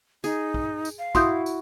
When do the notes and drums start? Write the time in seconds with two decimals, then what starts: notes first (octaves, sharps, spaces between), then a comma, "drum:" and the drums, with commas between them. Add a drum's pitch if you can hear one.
0.24 D#4 G#4, drum: tambourine
0.54 drum: kick
0.85 drum: tambourine
0.98 F5
1.15 E4 F#4 C6 D#6 G6, drum: kick, tambourine
1.46 drum: tambourine